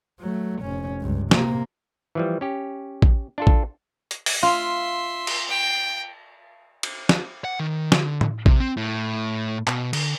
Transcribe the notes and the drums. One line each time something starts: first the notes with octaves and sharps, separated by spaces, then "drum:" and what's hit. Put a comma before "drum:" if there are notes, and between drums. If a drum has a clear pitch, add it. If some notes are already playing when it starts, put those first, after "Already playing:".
F#3 A3
F1 C#4
C#2 G2
C3 A#3, drum: snare
E3 F3 G3
C#4 G4
drum: kick
D4 F4 A4
drum: kick
drum: hi-hat
drum: open hi-hat
F4 E5 C6
drum: cymbal
G5
drum: cymbal
drum: snare
F#5
D#3
D3, drum: snare
drum: tom
C3, drum: kick
C4
A2
B2, drum: clap
D3, drum: cymbal